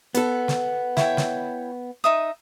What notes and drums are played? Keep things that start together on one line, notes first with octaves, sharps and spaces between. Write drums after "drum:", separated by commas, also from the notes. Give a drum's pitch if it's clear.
B3 A4, drum: hi-hat
drum: snare
E4 C#5 G5, drum: snare
drum: snare
D#4 E5 D#6